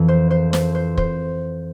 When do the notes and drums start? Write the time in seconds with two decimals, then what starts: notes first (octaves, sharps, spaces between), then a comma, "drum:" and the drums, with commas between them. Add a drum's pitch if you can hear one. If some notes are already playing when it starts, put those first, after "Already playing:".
Already playing: F2 E3
0.08 C5
0.31 C5
0.53 C5, drum: snare
0.75 C5
0.97 C5, drum: kick